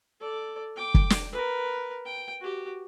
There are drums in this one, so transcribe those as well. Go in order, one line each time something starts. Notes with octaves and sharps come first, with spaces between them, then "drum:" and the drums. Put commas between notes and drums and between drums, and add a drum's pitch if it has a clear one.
A4 D5
G5 D6
drum: kick
drum: snare
A#4 B4
G5
F#4 G4